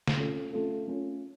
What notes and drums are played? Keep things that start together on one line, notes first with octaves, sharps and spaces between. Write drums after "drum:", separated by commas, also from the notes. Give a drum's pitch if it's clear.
drum: snare
A3 C#4 F4 A4
A3 C#4 F4 A4
A3 C#4 F4 A4